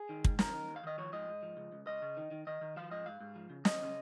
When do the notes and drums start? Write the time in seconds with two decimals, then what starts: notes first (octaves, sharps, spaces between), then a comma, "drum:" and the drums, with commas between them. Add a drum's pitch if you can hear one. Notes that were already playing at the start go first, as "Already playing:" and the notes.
Already playing: G#4
0.09 D#3
0.24 G#2, drum: kick
0.39 D#3 A#4, drum: snare
0.53 D#3
0.68 D#2
0.76 F5
0.83 D#3 D#5
0.98 F3 C#5
1.12 G#2 D#5
1.28 G#2
1.42 F3
1.57 C#2
1.72 C#2
1.87 C#2 D#5
2.02 C#3
2.17 D#3
2.31 D#3
2.47 D#3 D#5
2.61 D#3
2.76 F3 F5
2.91 G#2 D#5
3.06 G#2 F5
3.20 G#2
3.36 F3
3.50 C#3
3.65 D#2 D#5, drum: snare
3.80 C#3